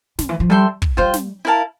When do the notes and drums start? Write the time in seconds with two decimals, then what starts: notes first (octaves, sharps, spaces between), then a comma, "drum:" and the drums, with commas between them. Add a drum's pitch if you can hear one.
0.19 D3, drum: snare
0.29 E3
0.40 F3
0.49 G3 A4 E5 G5 C6
0.82 drum: kick
0.97 G3 F4 C5 G5
1.14 drum: snare
1.45 E4 A#4 F5 A5